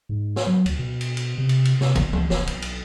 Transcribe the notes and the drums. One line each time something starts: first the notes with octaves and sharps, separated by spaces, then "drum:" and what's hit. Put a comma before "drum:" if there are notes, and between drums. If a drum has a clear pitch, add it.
G#2
drum: snare
F#3
D2, drum: cymbal
B2
drum: cymbal
drum: cymbal
C3
drum: cymbal
drum: cymbal
C3, drum: snare
G1, drum: kick A1, cymbal
C#2, drum: tom E3
F1, drum: snare
B1, drum: cymbal
drum: cymbal